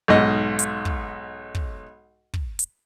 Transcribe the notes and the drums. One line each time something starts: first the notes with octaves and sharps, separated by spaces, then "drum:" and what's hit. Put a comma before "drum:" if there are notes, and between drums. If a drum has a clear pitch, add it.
B1 G#2 D#5
drum: hi-hat
drum: kick
drum: kick
drum: kick
drum: hi-hat